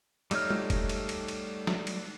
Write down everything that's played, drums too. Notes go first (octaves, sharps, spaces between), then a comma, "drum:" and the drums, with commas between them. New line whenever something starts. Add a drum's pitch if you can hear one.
G3 A3 D#4 C#5 F6, drum: cymbal
drum: tom G3
drum: kick F1, cymbal
drum: cymbal
drum: cymbal
drum: cymbal
drum: snare
drum: cymbal